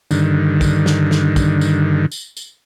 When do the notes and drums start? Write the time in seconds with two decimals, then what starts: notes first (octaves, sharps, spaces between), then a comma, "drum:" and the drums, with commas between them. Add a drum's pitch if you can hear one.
0.11 G2 D3 D#3, drum: tambourine
0.61 drum: kick, tambourine
0.86 drum: snare
1.11 drum: snare
1.36 drum: kick, tambourine
1.61 drum: tambourine
2.12 drum: tambourine
2.37 drum: tambourine